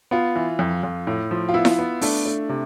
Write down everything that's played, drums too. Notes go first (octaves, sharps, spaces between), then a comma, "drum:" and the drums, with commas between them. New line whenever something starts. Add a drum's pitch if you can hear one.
B3 F4
E3
F2
F2
A2
F3
F4
B3 E4
drum: snare E4
B3
A3 D4, drum: open hi-hat
A3
C3